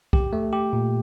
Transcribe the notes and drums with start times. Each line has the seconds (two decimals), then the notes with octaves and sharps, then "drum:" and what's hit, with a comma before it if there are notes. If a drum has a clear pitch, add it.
0.13 G4, drum: kick
0.33 A3
0.53 G4
0.73 A#2